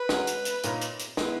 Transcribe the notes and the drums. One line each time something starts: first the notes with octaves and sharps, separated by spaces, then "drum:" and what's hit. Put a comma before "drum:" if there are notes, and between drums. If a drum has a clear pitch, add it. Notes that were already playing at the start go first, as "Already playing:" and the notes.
Already playing: B4
G#3 C#4 F#4 A#4, drum: snare
drum: hi-hat
drum: hi-hat
A#2 A#3 D#4 A#4 C#5, drum: hi-hat
drum: hi-hat
drum: hi-hat
G#3 B3 E4 B4, drum: snare